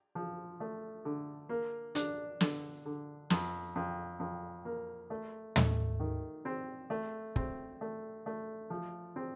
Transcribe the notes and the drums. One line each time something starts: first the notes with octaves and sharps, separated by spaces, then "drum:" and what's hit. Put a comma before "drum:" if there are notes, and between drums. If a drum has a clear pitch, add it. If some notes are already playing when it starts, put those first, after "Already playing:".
F3
A3
D3
A#3
D4, drum: hi-hat
D3, drum: snare
D3
F2, drum: snare
F2
F2
A#3
A3
A3, drum: tom
D#3
C4
A3
C4, drum: kick
A3
A3
F3
C4